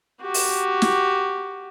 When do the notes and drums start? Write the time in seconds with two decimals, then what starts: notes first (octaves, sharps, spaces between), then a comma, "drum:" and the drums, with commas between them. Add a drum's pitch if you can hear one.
0.22 F#4 G4
0.34 drum: open hi-hat
0.82 drum: snare